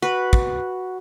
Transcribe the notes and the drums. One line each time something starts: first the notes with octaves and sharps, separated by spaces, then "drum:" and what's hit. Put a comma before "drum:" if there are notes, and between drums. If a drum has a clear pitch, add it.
F#4 B4
drum: kick